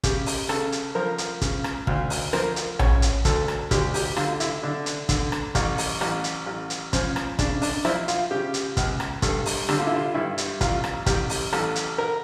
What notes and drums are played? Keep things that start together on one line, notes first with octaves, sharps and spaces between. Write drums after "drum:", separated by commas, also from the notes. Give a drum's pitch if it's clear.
C#3 G4, drum: kick, hi-hat
drum: open hi-hat
C#3 A4, drum: rim click
drum: hi-hat
F3 A#4
drum: hi-hat
C#3, drum: kick, hi-hat
drum: rim click
D2 F5, drum: kick
drum: open hi-hat
F3 A#4, drum: rim click
drum: hi-hat
C#3 C#5, drum: tom A#1
drum: hi-hat
D2 A4, drum: kick, hi-hat
drum: rim click
D2 G4, drum: kick, hi-hat
G4, drum: open hi-hat
D3 F4, drum: rim click
E4, drum: hi-hat
D3 D4
drum: hi-hat
D3, drum: kick, hi-hat
drum: rim click
A1, drum: kick, hi-hat
drum: open hi-hat
A1, drum: rim click
drum: hi-hat
A1
drum: hi-hat
F3 C#4, drum: kick, hi-hat
drum: rim click
C#3 D4, drum: kick, hi-hat
D4, drum: open hi-hat
F3 E4, drum: rim click
F4, drum: hi-hat
C#3 G4
drum: hi-hat
C#2, drum: kick, hi-hat
drum: rim click
G2 A4, drum: kick, hi-hat
drum: open hi-hat
D3 G4, drum: rim click
F4
E4
F4
G2 E4
drum: hi-hat
A1 F4, drum: kick, hi-hat
drum: rim click
A1 G4, drum: kick, hi-hat
drum: open hi-hat
A1 A4, drum: rim click
drum: hi-hat
A#4